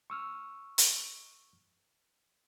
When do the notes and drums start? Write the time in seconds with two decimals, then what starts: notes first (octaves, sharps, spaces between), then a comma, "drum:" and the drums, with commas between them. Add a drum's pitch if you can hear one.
0.10 C#6 E6 F6
0.78 drum: hi-hat